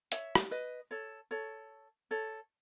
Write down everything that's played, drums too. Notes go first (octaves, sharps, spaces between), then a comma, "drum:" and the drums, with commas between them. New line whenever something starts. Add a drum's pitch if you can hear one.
C#5 E5, drum: hi-hat
drum: rim click
B4 D#5
A4 C#5
A4 C#5
A4 C#5